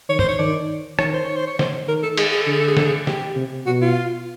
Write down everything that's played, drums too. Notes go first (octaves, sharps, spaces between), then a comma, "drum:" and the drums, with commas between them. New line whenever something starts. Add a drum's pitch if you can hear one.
D#3 C#5
C5, drum: tom
C#5
D#3 D5
D#3 C#5, drum: rim click
C5
C#5
C5
C#5
C5, drum: snare
D#3 A#4
A4
G#4, drum: cymbal
G#4
A4
D3 G#4
A4
G#4
A4, drum: snare
G#4
G4, drum: snare
C3
B2 F#4
F4